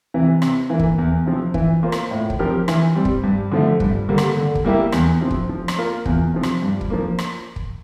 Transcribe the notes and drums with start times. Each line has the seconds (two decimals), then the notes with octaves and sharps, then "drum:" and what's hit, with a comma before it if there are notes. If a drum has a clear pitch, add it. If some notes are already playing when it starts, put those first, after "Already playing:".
0.14 C3 E3
0.42 C3, drum: rim click
0.70 E3 A#3
0.79 drum: kick
0.98 E2
1.26 C3 F3 C4
1.54 E3, drum: kick
1.83 A#3 F4 C5
1.92 drum: rim click
2.11 A2
2.30 drum: kick
2.39 F3 C4 G4 A#4
2.68 E3, drum: rim click
2.96 G3 C4
3.05 drum: kick
3.24 G2
3.52 D3 F3 A3
3.80 G2, drum: kick
4.09 D3 G3 A#3
4.18 drum: rim click
4.37 D3
4.55 drum: kick
4.65 G3 A#3 E4 G4
4.92 E2, drum: rim click
5.21 C3 F3 C4
5.31 drum: kick
5.49 F3
5.68 drum: rim click
5.77 A#3 F4 A#4
6.05 E2, drum: kick
6.34 C3 F3
6.43 drum: rim click
6.62 G2
6.81 drum: kick
6.90 F3 A#3
7.19 drum: rim click
7.56 drum: kick